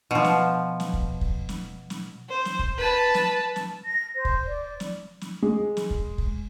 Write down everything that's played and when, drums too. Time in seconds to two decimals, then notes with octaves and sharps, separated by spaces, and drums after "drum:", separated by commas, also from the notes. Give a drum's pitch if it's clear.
0.11 B2 F3
0.24 drum: snare
0.80 drum: snare
0.93 drum: kick
1.21 drum: kick
1.49 drum: snare
1.90 drum: snare
2.29 C5
2.45 drum: snare
2.59 drum: kick
2.78 B4 A5
3.14 drum: snare
3.56 drum: snare
3.85 A#6
4.16 C5
4.25 drum: kick
4.47 D5
4.80 drum: snare
5.21 drum: snare
5.42 G#3
5.77 drum: snare
5.90 drum: kick
6.18 drum: kick